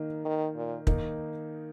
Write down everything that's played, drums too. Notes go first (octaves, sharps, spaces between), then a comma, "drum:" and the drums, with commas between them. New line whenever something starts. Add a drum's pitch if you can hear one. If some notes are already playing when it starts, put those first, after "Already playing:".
Already playing: D#3 A#3 D#4 A#4
D#3
A#2
D#3 A#3 D#4, drum: kick